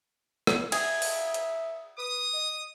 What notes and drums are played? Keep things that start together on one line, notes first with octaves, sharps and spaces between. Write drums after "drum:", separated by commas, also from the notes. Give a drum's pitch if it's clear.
drum: rim click
G#4 E5, drum: cymbal
drum: open hi-hat
drum: hi-hat
B4 D#6
D#5